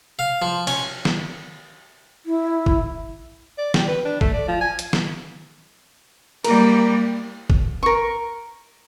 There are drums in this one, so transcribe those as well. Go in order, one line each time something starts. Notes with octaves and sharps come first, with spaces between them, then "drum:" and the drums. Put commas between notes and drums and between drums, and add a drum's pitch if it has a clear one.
F5
F3
C#4, drum: cymbal
drum: snare
E4
drum: kick
D5
G4, drum: snare
B4
D4
A3, drum: kick
D5
F3
G#5
drum: hi-hat
drum: snare
G3 A#3 A#4, drum: cymbal
drum: kick
A#4 C#6